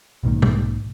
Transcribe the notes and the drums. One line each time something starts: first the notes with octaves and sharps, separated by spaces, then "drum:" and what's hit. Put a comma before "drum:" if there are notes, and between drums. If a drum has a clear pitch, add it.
B1 G#2 D#3 A#3
drum: tom